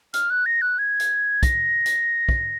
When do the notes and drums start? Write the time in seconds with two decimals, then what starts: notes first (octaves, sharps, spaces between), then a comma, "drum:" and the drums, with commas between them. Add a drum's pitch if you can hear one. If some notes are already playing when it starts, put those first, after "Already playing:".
0.14 F6, drum: hi-hat
0.30 F#6
0.46 A#6
0.61 F#6
0.78 G#6
1.00 drum: hi-hat
1.43 A#6, drum: kick, hi-hat
1.86 drum: hi-hat
2.29 drum: kick